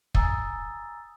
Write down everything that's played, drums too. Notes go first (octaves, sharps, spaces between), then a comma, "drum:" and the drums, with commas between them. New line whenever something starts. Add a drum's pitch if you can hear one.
G#5 A#5 D#6 E6 A6, drum: kick